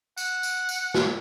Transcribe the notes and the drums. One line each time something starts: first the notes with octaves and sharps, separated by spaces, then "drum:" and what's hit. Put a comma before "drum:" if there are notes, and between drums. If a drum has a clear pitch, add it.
F#5, drum: tambourine
drum: tambourine
drum: tambourine
drum: snare